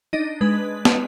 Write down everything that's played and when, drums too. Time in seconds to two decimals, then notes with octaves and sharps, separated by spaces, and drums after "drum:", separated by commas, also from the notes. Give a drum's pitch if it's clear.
0.13 D4 D#4 D#5
0.41 G#3 B4
0.85 drum: snare